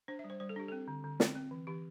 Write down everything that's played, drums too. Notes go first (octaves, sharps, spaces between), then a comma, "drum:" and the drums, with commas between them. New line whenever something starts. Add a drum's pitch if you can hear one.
D4 C5
E5
G3
C5
G3 C5
A4
D4 G4
C4 A4
D3
D3
C4, drum: snare
C4
E3
E3 G4